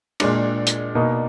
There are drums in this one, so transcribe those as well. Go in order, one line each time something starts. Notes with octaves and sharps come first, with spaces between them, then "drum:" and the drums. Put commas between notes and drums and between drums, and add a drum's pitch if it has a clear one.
A#2 G#3 D4 D5, drum: cymbal
drum: hi-hat
B2 A#3 D#4